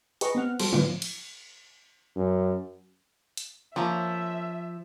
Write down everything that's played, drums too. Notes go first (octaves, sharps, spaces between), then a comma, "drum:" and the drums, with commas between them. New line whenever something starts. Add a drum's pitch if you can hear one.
G4 G#4 B4 D#5 A#5 C#6, drum: hi-hat
B3 C4 F#5 F6
F#3 G3 G4 A4 C5, drum: cymbal
A2 D3 D#3 B3 F4, drum: tom F3
drum: cymbal
F#2
drum: hi-hat
F3 A#3 C#4 E5